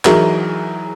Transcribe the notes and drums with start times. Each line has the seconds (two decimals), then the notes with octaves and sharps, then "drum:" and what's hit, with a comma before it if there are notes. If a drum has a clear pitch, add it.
0.05 E3 F#3 D#4 G#4 A#4, drum: clap